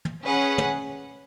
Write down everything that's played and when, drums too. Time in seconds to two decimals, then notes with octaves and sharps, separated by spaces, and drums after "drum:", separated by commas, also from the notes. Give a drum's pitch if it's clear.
0.05 drum: tom
0.23 C#4 G#4 B4 F#5
0.58 drum: tom